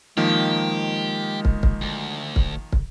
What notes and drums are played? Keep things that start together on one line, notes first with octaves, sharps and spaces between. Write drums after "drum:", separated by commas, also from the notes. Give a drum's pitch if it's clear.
D#3 F3 G#3 A#3 G4
drum: kick
drum: kick
D2
drum: kick
drum: kick